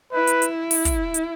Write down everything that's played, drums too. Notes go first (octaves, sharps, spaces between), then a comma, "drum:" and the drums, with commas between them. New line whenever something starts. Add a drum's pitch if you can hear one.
E4 B4
drum: hi-hat
drum: hi-hat
drum: open hi-hat
drum: kick, hi-hat
drum: hi-hat